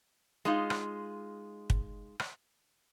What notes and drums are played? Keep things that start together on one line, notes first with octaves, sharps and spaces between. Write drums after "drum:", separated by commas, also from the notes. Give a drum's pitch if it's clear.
G#3 D#4 F4
drum: rim click
drum: kick
drum: rim click